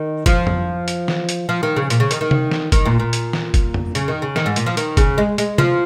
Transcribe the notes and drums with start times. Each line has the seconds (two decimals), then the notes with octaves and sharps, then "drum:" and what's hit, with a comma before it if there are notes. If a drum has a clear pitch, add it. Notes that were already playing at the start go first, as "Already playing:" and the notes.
Already playing: D#3
0.26 F3, drum: kick, hi-hat
0.47 drum: tom F2
0.88 drum: hi-hat
1.08 drum: snare E3
1.29 drum: hi-hat
1.49 F3
1.63 D#3
1.76 C#3
1.90 A#2, drum: hi-hat
2.00 C#3
2.11 D#3, drum: hi-hat
2.21 D#3
2.31 drum: tom C3
2.52 drum: snare E3
2.72 D#3, drum: kick, hi-hat
2.85 A#2
3.00 A#2
3.13 drum: hi-hat
3.33 drum: snare E3
3.54 drum: kick, hi-hat
3.74 drum: tom F2
3.95 C#3, drum: hi-hat
4.08 D#3
4.22 C#3
4.36 D#3, drum: snare E3
4.46 G#2
4.56 A#2, drum: hi-hat
4.66 F3
4.77 D#3, drum: hi-hat
4.97 C#3, drum: kick, hi-hat
5.18 G#3
5.38 G#3, drum: hi-hat
5.58 F3, drum: tom C3